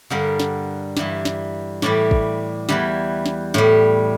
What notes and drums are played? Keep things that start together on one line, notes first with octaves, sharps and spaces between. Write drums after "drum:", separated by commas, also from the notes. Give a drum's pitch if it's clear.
G2 D3 G3 A#4
drum: snare
G2 E3 G3, drum: snare
drum: snare
A2 E3 G3 D5, drum: snare
drum: kick
E2 E3 G3, drum: snare
drum: snare
A2 G3, drum: snare